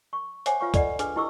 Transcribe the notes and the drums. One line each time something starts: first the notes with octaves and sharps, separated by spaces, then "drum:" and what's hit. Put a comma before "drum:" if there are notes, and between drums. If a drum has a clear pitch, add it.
C#6
C5 C#5 E5 F#5 G#5 D6, drum: hi-hat
F4 B4 C#5 F5 C#6
A4 D5 D#5 F#5, drum: kick, hi-hat
D4 G#4 B4, drum: hi-hat
E4 G4 D#5 C#6 D6 E6